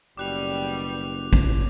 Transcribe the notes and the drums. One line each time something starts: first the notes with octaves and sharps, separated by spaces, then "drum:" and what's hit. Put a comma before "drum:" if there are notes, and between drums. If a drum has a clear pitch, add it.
F#1 B2 G3 D6 F#6 F7
drum: kick A1